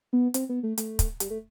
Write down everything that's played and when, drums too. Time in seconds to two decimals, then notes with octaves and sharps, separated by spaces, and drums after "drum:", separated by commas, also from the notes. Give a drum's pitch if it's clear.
0.13 B3
0.34 C4, drum: hi-hat
0.49 B3
0.63 A3
0.78 A3, drum: hi-hat
0.99 drum: kick, hi-hat
1.20 G3, drum: hi-hat
1.30 A3